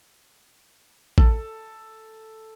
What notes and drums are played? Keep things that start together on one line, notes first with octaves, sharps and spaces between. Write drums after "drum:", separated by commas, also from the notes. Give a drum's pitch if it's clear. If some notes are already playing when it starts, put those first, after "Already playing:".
A4, drum: kick